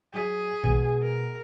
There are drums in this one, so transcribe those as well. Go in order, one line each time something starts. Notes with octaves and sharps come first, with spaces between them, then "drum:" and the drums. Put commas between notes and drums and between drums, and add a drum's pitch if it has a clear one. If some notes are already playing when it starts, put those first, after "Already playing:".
F#3 F#4 G#4 B6
B2 G#3, drum: kick A#1
A#4